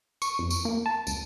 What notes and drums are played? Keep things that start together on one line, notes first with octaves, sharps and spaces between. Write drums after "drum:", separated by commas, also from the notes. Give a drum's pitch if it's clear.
C#6, drum: tambourine
F2
drum: tambourine
A#3
A5
C#2, drum: tambourine